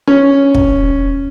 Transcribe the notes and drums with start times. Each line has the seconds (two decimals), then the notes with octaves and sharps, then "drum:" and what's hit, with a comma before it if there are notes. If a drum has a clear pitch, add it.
0.08 C#4
0.54 drum: kick